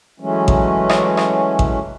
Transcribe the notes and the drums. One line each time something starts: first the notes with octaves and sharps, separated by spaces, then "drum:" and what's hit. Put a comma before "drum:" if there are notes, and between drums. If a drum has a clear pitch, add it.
E3 F#3 G#3 A3 C#4
drum: kick A1
drum: rim click
drum: rim click
drum: kick A1